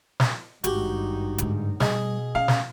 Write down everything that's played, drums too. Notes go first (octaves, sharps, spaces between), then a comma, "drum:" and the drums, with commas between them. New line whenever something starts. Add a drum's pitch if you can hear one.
drum: snare
G#1 G2 D#4 F#4 G4, drum: hi-hat
G#2 D3, drum: hi-hat
B2 G3 G#4 D#5, drum: snare
C#4 F5
drum: snare